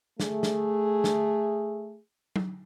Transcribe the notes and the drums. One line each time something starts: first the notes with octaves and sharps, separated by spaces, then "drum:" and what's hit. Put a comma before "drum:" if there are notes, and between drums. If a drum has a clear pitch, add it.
A3 G#4, drum: snare
drum: snare
drum: snare
drum: tom F#3